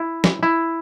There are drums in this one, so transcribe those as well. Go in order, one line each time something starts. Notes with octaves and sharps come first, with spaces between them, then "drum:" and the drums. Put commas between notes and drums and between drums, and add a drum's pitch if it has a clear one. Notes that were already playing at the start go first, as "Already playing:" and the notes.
Already playing: E4
drum: snare
E4